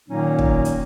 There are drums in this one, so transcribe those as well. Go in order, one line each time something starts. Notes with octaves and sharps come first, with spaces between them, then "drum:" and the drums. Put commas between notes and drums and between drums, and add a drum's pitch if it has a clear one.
A#2 D#3 F#3 A#3 C#4 D#4
drum: kick
drum: hi-hat